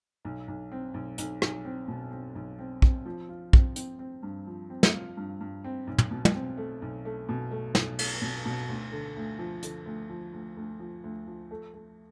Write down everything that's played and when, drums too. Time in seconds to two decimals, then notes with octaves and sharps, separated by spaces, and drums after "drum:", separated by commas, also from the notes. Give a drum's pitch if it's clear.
0.25 B1
0.48 B1
0.72 C4
0.94 B1
1.18 B1, drum: hi-hat
1.42 B1, drum: rim click
1.65 C4
1.88 B2
2.12 C4
2.35 B1
2.59 C4
2.82 C4, drum: kick
3.05 F3
3.29 F4
3.53 C4, drum: kick
3.76 C4, drum: hi-hat
3.99 C4
4.23 G2
4.47 F3
4.70 C4
4.83 drum: snare
4.93 F4
5.17 G2
5.41 G2
5.64 C4
5.87 B1
5.98 drum: tom
6.11 B2
6.25 drum: tom
6.35 C4
6.57 A3
6.82 B1
7.05 A3
7.29 B2
7.51 A3
7.75 B1, drum: snare
7.99 A3, drum: cymbal
8.22 B2
8.45 B2
8.69 D2
8.92 D3
9.16 D2
9.39 F3
9.63 D3, drum: hi-hat
9.86 D2
10.09 F3
10.33 D2
10.57 D2
10.80 F3
11.04 D2
11.27 F3
11.51 A3
11.74 A3